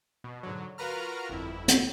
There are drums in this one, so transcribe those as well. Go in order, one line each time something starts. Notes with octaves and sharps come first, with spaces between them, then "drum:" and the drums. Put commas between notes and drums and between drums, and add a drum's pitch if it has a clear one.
B2
G#2 D3 F#3
F4 F#4 A#4 B4 A#5 F6
G1 F2 E4
drum: hi-hat